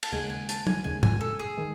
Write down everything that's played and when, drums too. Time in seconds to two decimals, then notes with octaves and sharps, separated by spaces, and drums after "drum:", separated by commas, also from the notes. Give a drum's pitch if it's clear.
0.03 A5, drum: cymbal
0.12 D#2 C#3 G#3 G#5
0.30 G#5
0.49 A5, drum: hi-hat
0.67 G#5, drum: tom
0.84 D#2 C#3 G#3 G#5
1.03 G#5, drum: tom
1.21 A4
1.39 G#4
1.57 D#3 G#3